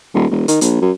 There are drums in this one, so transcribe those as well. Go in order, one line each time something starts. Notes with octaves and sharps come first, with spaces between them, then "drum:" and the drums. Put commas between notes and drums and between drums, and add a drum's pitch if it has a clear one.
D#1
E1
D#3, drum: hi-hat
A#1, drum: hi-hat
F#2